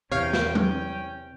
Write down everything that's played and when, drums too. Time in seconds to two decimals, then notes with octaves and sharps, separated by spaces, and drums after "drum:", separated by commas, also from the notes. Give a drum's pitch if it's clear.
0.12 E2 C3 C#4 C#5 F5 G5
0.33 drum: snare
0.55 drum: tom F#3